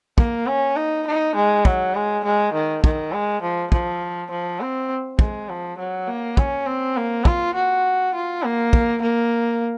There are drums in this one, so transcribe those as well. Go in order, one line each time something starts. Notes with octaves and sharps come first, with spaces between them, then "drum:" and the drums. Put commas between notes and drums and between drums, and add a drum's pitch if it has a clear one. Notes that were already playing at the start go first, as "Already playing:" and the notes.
A#3, drum: kick
C#4
D#4
D#4
G#3
F#3, drum: kick
G#3
G#3
D#3
D#3, drum: kick
G#3
F3
F3, drum: kick
F3
C4
G#3, drum: kick
F3
F#3
A#3
C#4, drum: kick
C4
A#3
F4, drum: kick
F#4
F4
A#3
drum: kick
A#3